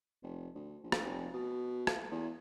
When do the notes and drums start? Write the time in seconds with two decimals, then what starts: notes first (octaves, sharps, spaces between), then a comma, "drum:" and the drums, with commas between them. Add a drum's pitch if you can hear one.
0.22 F1
0.55 D2
0.83 A#1
0.92 drum: rim click
1.02 F1
1.34 B2
1.87 drum: rim click
2.11 E2